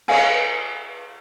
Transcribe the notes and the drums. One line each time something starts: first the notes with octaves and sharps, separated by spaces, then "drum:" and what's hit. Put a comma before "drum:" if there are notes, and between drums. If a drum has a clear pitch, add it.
C#5 D#5 F5 G#5, drum: cymbal